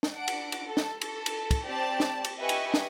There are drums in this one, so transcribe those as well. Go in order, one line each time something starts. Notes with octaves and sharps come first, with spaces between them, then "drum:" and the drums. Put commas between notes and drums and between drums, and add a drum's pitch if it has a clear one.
drum: snare
D4 F#5 D7
drum: cymbal
drum: cymbal
A4
drum: snare
A4, drum: cymbal
drum: cymbal
drum: kick, cymbal
C4 G4 D5 A5
drum: snare
drum: cymbal
G4 B4 D#5 E5 G#5 C#6
drum: cymbal
drum: snare